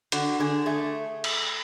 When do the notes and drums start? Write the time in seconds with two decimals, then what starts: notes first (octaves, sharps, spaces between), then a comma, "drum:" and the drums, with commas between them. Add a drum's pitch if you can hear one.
0.12 D3 F#4, drum: hi-hat
0.40 D3 G#4
0.66 A3 G#4
1.24 drum: cymbal